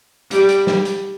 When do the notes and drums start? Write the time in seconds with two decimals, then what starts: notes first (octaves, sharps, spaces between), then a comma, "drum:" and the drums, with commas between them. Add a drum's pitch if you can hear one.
0.31 G3, drum: hi-hat
0.49 drum: hi-hat
0.67 drum: snare
0.85 drum: hi-hat